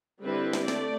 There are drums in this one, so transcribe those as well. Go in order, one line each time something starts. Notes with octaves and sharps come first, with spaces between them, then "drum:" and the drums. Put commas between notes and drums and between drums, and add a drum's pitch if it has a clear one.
D3 G3 C4 E4 B4
drum: snare
A3 D5, drum: snare